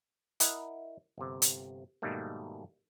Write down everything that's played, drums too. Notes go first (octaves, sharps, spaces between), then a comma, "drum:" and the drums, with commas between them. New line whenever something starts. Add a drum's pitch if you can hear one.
E4 A#4 D#5 F#5, drum: hi-hat
G1 C3
drum: hi-hat
G#2 B2 D#3 G3 A3 A#3